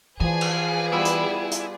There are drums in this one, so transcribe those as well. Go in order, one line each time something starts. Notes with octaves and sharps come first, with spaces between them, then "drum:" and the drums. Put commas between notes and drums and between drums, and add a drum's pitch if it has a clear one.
E3 F3 G#4 B4 D5 G#5 A5 D6
drum: cymbal
G3 B3 E4 F4
drum: hi-hat
drum: hi-hat